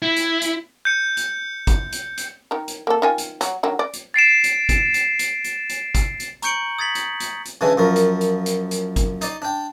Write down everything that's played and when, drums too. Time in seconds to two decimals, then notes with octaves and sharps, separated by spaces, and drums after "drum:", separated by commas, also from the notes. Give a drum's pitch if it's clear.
0.02 E4
0.16 drum: hi-hat
0.42 drum: hi-hat
0.85 G6 C#7
1.17 drum: hi-hat
1.67 drum: kick, hi-hat
1.92 drum: hi-hat
2.18 drum: hi-hat
2.51 D#3 A#4
2.68 drum: hi-hat
2.87 A#3 A4
3.02 D#3 F4 G#5
3.18 drum: hi-hat
3.41 F#3, drum: hi-hat
3.63 D3 D#3 F#3
3.79 D5
3.93 drum: hi-hat
4.14 A6 C7 D7 E7
4.44 drum: hi-hat
4.69 drum: kick, hi-hat
4.94 drum: hi-hat
5.19 drum: hi-hat
5.44 drum: hi-hat
5.69 drum: hi-hat
5.95 drum: kick, hi-hat
6.20 drum: hi-hat
6.42 A#5 C#6 G6 C#7 D7 F#7, drum: hi-hat
6.79 D#6 G#6 A6 B6 F#7
6.95 drum: hi-hat
7.20 drum: hi-hat
7.45 drum: hi-hat
7.61 C#3 E3 G#3 D4
7.77 F#2 F3 A#4
7.96 drum: hi-hat
8.21 drum: hi-hat
8.46 drum: hi-hat
8.71 drum: hi-hat
8.96 drum: kick, hi-hat
9.21 D#4 D5, drum: hi-hat
9.42 D4 G5